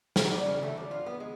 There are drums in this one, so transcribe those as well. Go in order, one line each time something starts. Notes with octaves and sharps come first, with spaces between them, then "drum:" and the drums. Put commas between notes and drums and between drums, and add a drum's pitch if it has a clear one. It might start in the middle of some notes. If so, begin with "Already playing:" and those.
A#4, drum: snare
D5
C#3
A3
D4
F4
B3
G#3